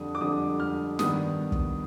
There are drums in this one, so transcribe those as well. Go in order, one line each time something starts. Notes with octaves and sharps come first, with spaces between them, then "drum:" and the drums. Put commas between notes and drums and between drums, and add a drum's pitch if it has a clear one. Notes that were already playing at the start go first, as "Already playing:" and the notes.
Already playing: F2 D3 G3 D4 D#6
D6
F2 D3 G3 D4 D#6
F6
G2 D#3 B3 D4 D#6, drum: snare
drum: kick